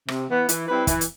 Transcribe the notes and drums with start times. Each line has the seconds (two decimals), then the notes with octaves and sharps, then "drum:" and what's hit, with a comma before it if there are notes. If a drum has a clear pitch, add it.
0.08 C3, drum: rim click
0.29 E3 B3
0.49 E3, drum: hi-hat
0.68 G3 C4 E4 B4
0.87 E3, drum: kick, hi-hat
1.01 drum: hi-hat